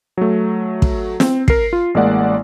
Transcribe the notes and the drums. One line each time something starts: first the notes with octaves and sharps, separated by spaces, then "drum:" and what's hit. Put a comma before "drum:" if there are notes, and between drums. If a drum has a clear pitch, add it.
F#3 A3
drum: kick
C4, drum: snare
A#4 C7, drum: kick
F4
A1 G#3 A#3 D5 F#5